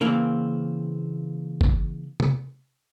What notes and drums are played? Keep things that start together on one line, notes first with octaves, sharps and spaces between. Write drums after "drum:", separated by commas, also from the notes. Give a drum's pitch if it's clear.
C#3 E3 A#3 C4
drum: kick
drum: tom